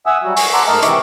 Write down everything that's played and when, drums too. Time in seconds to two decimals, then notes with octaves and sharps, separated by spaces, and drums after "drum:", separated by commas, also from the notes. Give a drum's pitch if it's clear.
0.06 E5 F#5 G#5 D#6 E6
0.23 F#3 G3 F#4
0.37 G#5 C#6, drum: open hi-hat
0.54 F#5 A5 A#5 C6 D6 E6
0.67 G#2 A3 A#4 D#5 E5 A5
0.82 C3 D#3 E3 E5 C#6 D6, drum: hi-hat